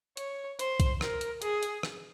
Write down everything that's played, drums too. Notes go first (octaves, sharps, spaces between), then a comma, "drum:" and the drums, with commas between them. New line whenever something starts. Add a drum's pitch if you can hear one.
C#5, drum: hi-hat
C5, drum: hi-hat
drum: kick B1, hi-hat
A#4, drum: rim click
drum: hi-hat
G#4, drum: hi-hat
drum: hi-hat
drum: rim click